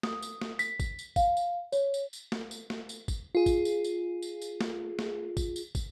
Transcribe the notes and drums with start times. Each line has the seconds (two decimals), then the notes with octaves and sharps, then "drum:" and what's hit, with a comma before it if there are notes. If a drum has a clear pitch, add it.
0.03 D#6, drum: snare
0.22 drum: tambourine
0.41 drum: snare
0.59 B6, drum: tambourine
0.80 drum: kick, tambourine
0.99 drum: tambourine
1.16 F5, drum: kick, tambourine
1.37 drum: tambourine
1.72 C#5, drum: tambourine
1.94 drum: tambourine
2.13 drum: tambourine
2.32 drum: snare
2.51 drum: tambourine
2.70 drum: snare
2.89 drum: tambourine
3.08 drum: kick, tambourine
3.35 F4 G#4
3.46 drum: kick, tambourine
3.65 drum: tambourine
3.84 drum: tambourine
4.22 drum: tambourine
4.42 drum: tambourine
4.61 drum: snare
4.99 drum: snare
5.37 drum: kick, tambourine
5.56 drum: tambourine
5.75 drum: kick, tambourine